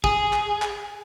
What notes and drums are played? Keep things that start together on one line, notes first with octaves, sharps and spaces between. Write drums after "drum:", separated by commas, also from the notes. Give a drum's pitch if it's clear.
G#4, drum: kick
drum: clap
drum: clap